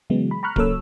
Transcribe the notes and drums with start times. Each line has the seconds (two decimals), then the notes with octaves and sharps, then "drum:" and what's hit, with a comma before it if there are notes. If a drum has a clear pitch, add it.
0.10 C#3 E3 F#3 G#3 B3
0.31 B5
0.43 A#5 B5 C#6 F6 F#6
0.56 C#3 F#3 A#3 A4 C#5 E6, drum: kick D1